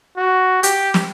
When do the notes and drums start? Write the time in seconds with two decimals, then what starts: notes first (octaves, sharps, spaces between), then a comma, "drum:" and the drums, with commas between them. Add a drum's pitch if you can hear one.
0.17 F#4
0.63 G4, drum: hi-hat
0.94 drum: snare